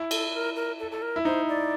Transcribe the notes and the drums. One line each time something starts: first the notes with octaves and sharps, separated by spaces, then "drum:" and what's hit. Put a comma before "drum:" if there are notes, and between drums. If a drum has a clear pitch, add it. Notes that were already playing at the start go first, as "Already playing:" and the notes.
Already playing: E4
A4, drum: cymbal
A#4
A#4
A4
A4
A#4
E4
D#4 C5
D5